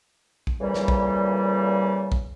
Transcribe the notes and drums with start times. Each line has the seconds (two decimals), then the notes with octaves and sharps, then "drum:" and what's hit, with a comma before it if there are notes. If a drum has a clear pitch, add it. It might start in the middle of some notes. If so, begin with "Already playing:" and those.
0.47 drum: kick A#1
0.61 F2 A#2 C#3 E3 G3
0.74 drum: snare
0.88 drum: kick A#1
2.12 drum: kick A#1